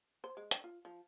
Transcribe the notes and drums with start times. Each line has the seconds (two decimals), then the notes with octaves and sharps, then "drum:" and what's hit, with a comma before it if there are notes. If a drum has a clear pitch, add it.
0.24 C5
0.37 G#3
0.51 G5, drum: hi-hat
0.64 F4
0.85 F3